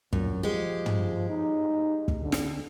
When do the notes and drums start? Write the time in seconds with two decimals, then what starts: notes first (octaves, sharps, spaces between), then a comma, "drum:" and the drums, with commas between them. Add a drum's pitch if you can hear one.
0.13 F#2 A#2, drum: kick
0.43 F3 G#3 G4
0.86 drum: tom
1.29 D#4
2.08 drum: kick
2.22 D3
2.32 drum: snare